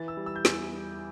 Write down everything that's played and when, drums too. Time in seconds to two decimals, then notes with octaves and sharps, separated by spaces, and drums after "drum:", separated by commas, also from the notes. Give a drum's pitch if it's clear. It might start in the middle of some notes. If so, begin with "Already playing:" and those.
Already playing: E3 A6
0.08 E6
0.17 G3
0.26 E6
0.36 G6
0.45 E2 E6, drum: snare
0.73 G3